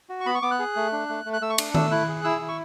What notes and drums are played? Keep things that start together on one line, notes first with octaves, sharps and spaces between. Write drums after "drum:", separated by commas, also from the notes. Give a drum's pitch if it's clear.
F#4
C#6
B3 B5
C#6
B3 D6
F#6
G#4
A3
D4
A3
A3
F#6
A3 E6
C#6
D4, drum: cymbal
A3 E6, drum: tom D#3
E4 F#6
G#4
E4 E6
E4
C#6